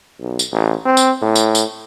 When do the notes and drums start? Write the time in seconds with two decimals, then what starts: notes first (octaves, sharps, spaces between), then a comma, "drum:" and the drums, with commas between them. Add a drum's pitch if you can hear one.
0.20 B1
0.39 drum: tambourine
0.52 A1
0.86 C4
0.97 drum: tambourine
1.22 A2
1.36 drum: tambourine
1.55 drum: tambourine